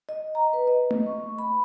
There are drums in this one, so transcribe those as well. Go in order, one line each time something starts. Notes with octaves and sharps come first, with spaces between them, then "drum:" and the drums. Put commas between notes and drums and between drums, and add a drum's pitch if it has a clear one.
D#5
A#5
B4
D#5
drum: tom A3
C#6
B5